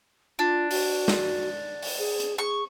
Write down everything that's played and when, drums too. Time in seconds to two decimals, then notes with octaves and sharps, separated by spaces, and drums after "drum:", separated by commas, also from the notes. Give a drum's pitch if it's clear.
0.39 D4 F4
0.71 F#4, drum: open hi-hat
1.08 drum: snare
1.83 drum: open hi-hat
1.99 G#4
2.20 drum: hi-hat
2.38 G#4 C#6